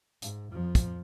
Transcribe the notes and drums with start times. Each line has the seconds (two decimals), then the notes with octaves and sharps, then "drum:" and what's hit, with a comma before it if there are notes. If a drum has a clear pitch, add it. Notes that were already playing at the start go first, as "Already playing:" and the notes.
0.22 G#2, drum: hi-hat
0.52 F2 F3
0.75 drum: kick, hi-hat